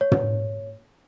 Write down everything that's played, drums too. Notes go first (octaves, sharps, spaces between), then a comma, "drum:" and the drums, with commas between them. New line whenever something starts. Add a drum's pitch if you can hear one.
C#5
drum: tom